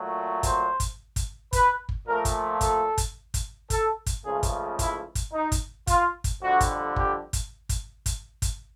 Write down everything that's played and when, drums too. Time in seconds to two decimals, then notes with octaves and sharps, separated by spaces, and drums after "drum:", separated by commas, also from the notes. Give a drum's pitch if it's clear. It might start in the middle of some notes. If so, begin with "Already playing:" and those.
Already playing: A#2 F#3 A3
0.43 C5, drum: kick, hi-hat
0.80 drum: kick, hi-hat
1.16 drum: kick, hi-hat
1.53 B4, drum: kick, hi-hat
1.89 drum: kick
2.06 A#2 F3 A3 A#4
2.25 drum: kick, hi-hat
2.61 A4, drum: kick, hi-hat
2.98 drum: kick, hi-hat
3.34 drum: kick, hi-hat
3.70 A4, drum: kick, hi-hat
4.06 drum: kick, hi-hat
4.24 C#2 C#3 F3 A3 G#4
4.43 drum: kick, hi-hat
4.79 E4, drum: kick, hi-hat
5.15 drum: kick, hi-hat
5.33 D#4
5.52 drum: kick, hi-hat
5.87 F4, drum: kick, hi-hat
6.24 drum: kick, hi-hat
6.42 F2 D3 G3 F#4
6.60 drum: kick, hi-hat
6.96 G4, drum: kick
7.33 drum: kick, hi-hat
7.69 drum: kick, hi-hat
8.06 drum: kick, hi-hat
8.42 drum: kick, hi-hat